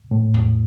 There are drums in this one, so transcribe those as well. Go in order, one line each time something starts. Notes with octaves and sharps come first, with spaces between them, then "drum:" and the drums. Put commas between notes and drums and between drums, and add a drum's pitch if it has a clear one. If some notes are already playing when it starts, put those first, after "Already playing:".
A2
drum: tom E2